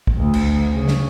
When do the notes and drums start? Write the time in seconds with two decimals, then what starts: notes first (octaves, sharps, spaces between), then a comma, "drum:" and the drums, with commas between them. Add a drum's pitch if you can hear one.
0.07 drum: kick
0.18 D2
0.34 drum: cymbal
0.73 C#3
0.88 drum: snare